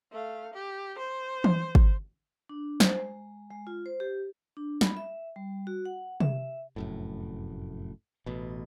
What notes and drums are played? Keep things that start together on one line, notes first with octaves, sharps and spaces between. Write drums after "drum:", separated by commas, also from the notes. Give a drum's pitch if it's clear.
A3 F5
G4
C5
drum: tom E3
drum: kick
D4
C5, drum: snare
G#3
G#3
F4
C5
G4
D4
B5, drum: snare
E5
G3
F#4
F#5
E5, drum: tom C3
F1 F#2 A2
A1 B2